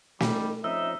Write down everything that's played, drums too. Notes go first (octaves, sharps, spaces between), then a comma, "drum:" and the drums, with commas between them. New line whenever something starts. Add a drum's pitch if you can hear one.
G3 D#4 A#4, drum: snare
F3 C4 C#4 D#4 E5 E6